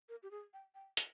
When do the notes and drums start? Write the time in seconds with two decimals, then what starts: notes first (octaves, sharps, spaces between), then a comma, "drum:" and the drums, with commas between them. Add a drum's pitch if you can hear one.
0.09 A#4
0.23 G4
0.31 G#4
0.54 G5
0.75 G5
0.97 drum: hi-hat